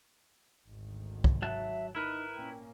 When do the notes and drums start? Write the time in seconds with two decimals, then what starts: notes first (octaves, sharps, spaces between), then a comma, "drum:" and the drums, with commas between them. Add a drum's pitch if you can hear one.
0.67 G#1 D2 D#3
1.24 drum: kick
1.42 F#3 E5 F#5 A5
1.95 D#4 E4 A#4 B4
2.36 A#2 A#3 C#4 G5